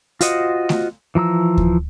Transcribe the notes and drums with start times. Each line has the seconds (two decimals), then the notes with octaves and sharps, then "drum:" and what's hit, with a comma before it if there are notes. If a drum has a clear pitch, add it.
0.21 F4 F#4 C5 D#5 F#5, drum: hi-hat
0.69 drum: snare A3
1.15 E3 F3 A#5 E6
1.57 drum: kick D2